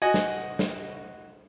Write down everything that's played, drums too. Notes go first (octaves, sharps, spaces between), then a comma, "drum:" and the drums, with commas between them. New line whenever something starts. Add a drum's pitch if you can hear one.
F#4 D#5 F#5 G#5
drum: snare
drum: snare